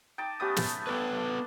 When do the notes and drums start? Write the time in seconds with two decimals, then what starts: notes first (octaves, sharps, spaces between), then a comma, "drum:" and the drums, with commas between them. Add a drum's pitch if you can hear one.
0.18 D#4 G5 A5 D6
0.40 A3 B3 C#4 G4 D#6
0.56 drum: snare
0.87 B3 D4 A4 B4